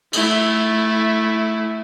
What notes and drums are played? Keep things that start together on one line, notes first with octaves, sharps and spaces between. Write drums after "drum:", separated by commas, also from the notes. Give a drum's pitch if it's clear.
A3 E4, drum: cymbal